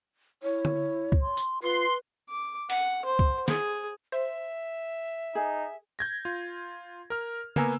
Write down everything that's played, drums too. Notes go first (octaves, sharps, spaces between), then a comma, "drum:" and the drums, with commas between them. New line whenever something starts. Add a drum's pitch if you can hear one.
E4 C#5
drum: tom D3
drum: kick
C6
drum: tambourine
F4 B4 C6
D6
F#5, drum: open hi-hat
C5
drum: kick
G#4, drum: snare
C5 E5
D#4 G#4
G6 G#6 A#6
F4
A#4 F6
A#3 B3 G#5 A#5 E6, drum: tom C#3